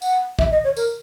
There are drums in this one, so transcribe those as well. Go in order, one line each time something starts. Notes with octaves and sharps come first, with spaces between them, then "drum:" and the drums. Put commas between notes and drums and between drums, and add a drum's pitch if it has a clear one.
F#5, drum: tambourine
E5, drum: kick
D#5
C#5
A#4, drum: tambourine